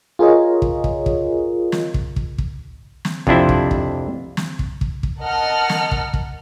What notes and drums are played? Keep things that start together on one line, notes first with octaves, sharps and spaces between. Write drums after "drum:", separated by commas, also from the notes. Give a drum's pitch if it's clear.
F4 G#4 A#4 C#5 D#5
drum: kick
drum: kick
drum: kick
drum: snare
drum: kick
drum: kick
drum: kick
drum: snare
F2 C3 D4 E4 C5, drum: kick
drum: kick
drum: kick
drum: snare
drum: kick
drum: kick
drum: kick
A#4 D#5 F#5 A5 F6
drum: snare
drum: kick
drum: kick